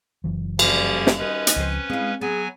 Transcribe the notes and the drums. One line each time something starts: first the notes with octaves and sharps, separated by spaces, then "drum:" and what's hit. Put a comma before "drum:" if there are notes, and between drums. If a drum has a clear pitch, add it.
F#1 E3 F#3
G2 D3 F3 A#3 C#4, drum: cymbal
drum: snare
D#3 C#4 B4 D#5
drum: hi-hat
C#2 F3 C4 C5
G#3 C4 E4 F5
F#3 B3 G#4 G#5